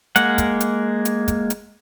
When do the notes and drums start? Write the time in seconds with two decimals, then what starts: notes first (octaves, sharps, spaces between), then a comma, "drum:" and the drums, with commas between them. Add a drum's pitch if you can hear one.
0.16 G#3 A#3 F#5, drum: hi-hat
0.38 drum: kick, hi-hat
0.60 drum: hi-hat
1.05 drum: hi-hat
1.28 drum: kick, hi-hat
1.50 drum: hi-hat